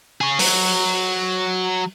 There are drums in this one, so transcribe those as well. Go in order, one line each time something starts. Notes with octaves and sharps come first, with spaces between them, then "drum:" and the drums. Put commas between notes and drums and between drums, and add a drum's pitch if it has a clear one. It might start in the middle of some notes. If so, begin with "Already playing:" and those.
G#4 C#5
F#3, drum: open hi-hat